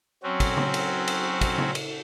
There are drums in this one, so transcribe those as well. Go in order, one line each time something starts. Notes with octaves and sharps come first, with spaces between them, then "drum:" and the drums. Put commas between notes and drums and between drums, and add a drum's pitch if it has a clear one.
F#3 C4 C#4 F#4
drum: kick, cymbal
drum: tom C#3
drum: cymbal
drum: cymbal
drum: kick, cymbal
drum: tom C#3
drum: cymbal